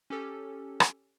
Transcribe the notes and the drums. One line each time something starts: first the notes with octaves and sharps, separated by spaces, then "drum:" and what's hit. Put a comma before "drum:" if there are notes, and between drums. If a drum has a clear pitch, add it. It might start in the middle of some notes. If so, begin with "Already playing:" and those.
C#4 G4 A4
drum: rim click